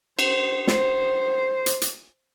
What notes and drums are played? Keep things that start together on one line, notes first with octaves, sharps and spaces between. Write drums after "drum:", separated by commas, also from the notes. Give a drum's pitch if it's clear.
C5, drum: cymbal
C5, drum: snare
drum: hi-hat
drum: hi-hat